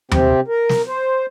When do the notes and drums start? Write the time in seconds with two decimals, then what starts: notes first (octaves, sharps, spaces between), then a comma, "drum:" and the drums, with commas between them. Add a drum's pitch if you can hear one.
0.11 C3 C4 G4, drum: tom D#2
0.48 A#4
0.69 drum: snare
0.88 C5